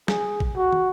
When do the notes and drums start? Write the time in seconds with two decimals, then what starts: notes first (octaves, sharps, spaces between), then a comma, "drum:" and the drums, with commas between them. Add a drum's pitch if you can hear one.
0.08 G#4, drum: snare
0.40 drum: kick A1
0.56 F#4
0.73 drum: tom